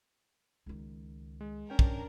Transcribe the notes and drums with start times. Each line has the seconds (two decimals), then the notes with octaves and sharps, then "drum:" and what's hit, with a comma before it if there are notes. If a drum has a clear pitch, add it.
0.66 C#2 D#3
1.41 G#3
1.70 C#4 D4 A#4 G5
1.79 drum: kick